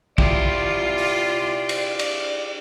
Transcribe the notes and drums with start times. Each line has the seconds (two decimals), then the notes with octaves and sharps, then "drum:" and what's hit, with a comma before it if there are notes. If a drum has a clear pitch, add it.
0.18 E4 F4 G4 D5, drum: kick
0.98 drum: open hi-hat
1.69 drum: cymbal
1.99 drum: cymbal